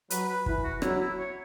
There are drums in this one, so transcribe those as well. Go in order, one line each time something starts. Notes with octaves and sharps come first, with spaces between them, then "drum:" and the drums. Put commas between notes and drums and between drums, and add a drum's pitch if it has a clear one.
F#3 B4, drum: hi-hat
B4
E3 B4, drum: kick
F#4
F#3 E4, drum: rim click
E4
C#5